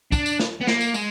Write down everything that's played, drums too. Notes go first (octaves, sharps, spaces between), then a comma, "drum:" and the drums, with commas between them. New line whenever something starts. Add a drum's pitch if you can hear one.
D4, drum: kick, tambourine
drum: tambourine
drum: snare
B3
A#3, drum: snare
drum: tambourine
G#3, drum: tambourine